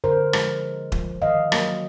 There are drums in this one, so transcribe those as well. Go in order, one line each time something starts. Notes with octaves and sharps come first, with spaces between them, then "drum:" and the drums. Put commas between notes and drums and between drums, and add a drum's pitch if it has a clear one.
D3 A#4 C5
F3 G#3, drum: rim click
D3
F3 G#3, drum: kick D#1
D#3 D#5 F5
F#3 A#3, drum: rim click